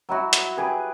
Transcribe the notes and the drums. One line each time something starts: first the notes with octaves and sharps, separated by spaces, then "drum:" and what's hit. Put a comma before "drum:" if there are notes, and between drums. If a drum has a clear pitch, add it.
F#3 E4 F#4
drum: hi-hat
G4 G#4 B4